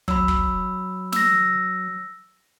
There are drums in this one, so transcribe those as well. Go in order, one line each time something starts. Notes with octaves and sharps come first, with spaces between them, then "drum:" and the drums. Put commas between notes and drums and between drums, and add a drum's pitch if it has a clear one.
F#3 B5 E6, drum: kick
drum: kick
E6 A#6, drum: snare